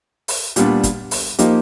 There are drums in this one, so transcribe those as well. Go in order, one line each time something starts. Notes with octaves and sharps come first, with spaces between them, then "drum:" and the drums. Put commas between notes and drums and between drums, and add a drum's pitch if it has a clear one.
drum: open hi-hat
A#2 G3 B3 D4, drum: hi-hat
drum: kick, hi-hat
drum: open hi-hat
F3 A#3 D#4 G4, drum: hi-hat